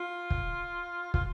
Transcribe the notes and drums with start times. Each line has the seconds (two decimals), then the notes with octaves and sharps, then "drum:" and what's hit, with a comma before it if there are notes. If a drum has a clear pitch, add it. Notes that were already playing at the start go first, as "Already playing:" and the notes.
Already playing: F4
0.30 drum: kick
1.14 F4, drum: kick